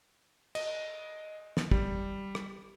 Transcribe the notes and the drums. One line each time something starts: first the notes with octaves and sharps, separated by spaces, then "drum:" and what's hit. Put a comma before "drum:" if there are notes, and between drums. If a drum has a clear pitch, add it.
D#5, drum: cymbal
drum: snare
G3, drum: kick
drum: rim click